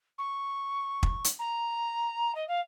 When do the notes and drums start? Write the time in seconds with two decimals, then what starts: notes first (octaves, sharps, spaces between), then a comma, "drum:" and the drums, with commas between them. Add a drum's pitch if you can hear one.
0.18 C#6
1.03 drum: kick
1.24 drum: hi-hat
1.39 A#5
2.35 D#5
2.48 F5